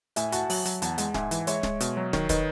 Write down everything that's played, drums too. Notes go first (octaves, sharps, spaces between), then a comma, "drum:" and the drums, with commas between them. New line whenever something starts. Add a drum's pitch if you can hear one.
A2 E5 G#5, drum: hi-hat
F#4 F#5 A5, drum: hi-hat
F#3, drum: open hi-hat
F#3, drum: hi-hat
E2 F#5 A5, drum: hi-hat
G#3 F#5 A5, drum: hi-hat
G#2 E5 G#5, drum: snare
E3, drum: hi-hat
G#3 C#5 E5, drum: hi-hat
G#3, drum: snare
B2, drum: hi-hat
F#3
D#3 C#5, drum: snare
D#3 B4 D#5, drum: kick, hi-hat